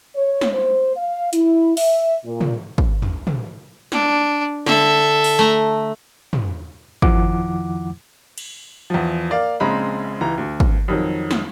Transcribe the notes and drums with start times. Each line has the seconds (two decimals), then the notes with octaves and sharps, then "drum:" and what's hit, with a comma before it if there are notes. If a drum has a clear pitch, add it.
0.15 C#5
0.41 drum: snare
0.53 C5
0.96 F5
1.33 E4, drum: hi-hat
1.77 E5, drum: open hi-hat
2.25 A#2
2.41 drum: tom
2.78 drum: kick
3.02 drum: tom
3.27 drum: tom
3.92 D4, drum: snare
4.66 D3 A4 E5, drum: snare
5.24 drum: open hi-hat
5.39 A3 A#5
6.33 drum: tom
7.02 F2 D#3 F3 E4 F#5 D6, drum: kick
8.38 drum: cymbal
8.90 E2 F3
9.30 A#3 D5 F5
9.60 A#1 C#3 G#3 C4 A#5 B5
10.21 C#2 E3 A#5
10.38 D2
10.60 drum: kick
10.88 F2 D#3 F#3
11.31 drum: snare